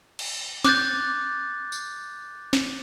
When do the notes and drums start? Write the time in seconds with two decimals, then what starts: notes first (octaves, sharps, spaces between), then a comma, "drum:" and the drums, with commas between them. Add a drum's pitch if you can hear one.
0.19 drum: cymbal
0.64 D6 F#6 G6 A6, drum: snare
1.72 drum: tambourine
2.53 drum: snare